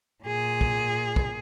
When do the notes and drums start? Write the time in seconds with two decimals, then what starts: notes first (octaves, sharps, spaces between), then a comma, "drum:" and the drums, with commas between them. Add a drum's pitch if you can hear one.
0.24 A#2 G#4
0.61 drum: kick
1.16 drum: kick